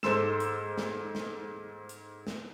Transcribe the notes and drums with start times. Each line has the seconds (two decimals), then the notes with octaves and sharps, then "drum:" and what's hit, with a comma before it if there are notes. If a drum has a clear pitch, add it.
0.03 G#2 A4 C5 C6 E6 E7, drum: snare
0.40 drum: hi-hat
0.78 drum: snare
1.15 drum: snare
1.89 drum: hi-hat
2.27 drum: snare